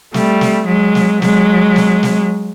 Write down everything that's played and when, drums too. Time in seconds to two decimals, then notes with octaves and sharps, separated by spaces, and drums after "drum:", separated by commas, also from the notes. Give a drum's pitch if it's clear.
0.14 G3 A3, drum: snare
0.41 drum: snare
0.68 F#3 G#3
0.95 drum: snare
1.22 F#3 G#3, drum: snare
1.76 drum: snare
2.03 drum: snare